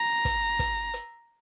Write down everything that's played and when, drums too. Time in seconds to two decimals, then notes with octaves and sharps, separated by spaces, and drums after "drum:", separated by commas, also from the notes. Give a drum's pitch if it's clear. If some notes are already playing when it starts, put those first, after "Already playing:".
Already playing: A#5
0.25 drum: kick, hi-hat
0.59 drum: kick, hi-hat
0.94 drum: hi-hat